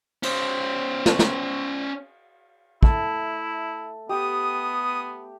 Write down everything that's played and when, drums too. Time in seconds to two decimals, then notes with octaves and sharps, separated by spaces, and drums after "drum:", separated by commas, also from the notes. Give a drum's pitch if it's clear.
0.23 C#4 C5, drum: cymbal
1.06 drum: snare
1.19 drum: snare
2.83 A3 E4, drum: kick
4.09 B3 G4 D#6